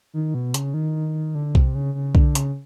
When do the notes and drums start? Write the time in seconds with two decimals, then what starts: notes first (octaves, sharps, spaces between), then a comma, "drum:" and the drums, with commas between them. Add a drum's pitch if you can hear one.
0.14 D#3
0.34 B2
0.54 C#3, drum: hi-hat
0.74 D#3
1.35 D3
1.55 C3, drum: kick B1
1.75 C#3
1.95 C#3
2.15 D3, drum: kick B1
2.35 C#3, drum: hi-hat